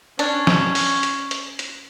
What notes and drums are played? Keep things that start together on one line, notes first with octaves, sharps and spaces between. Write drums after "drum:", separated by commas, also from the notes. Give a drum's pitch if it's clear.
C#4 D4, drum: hi-hat
drum: snare
drum: open hi-hat
drum: hi-hat
drum: hi-hat
drum: hi-hat